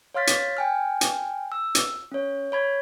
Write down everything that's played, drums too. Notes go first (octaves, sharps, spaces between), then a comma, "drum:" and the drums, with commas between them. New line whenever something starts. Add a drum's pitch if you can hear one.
C#5 F5 C6 F6 A6 B6
drum: hi-hat
G5 G#5 F6
drum: hi-hat
E6
drum: hi-hat
C#4 C#5
C#5 B5 G#6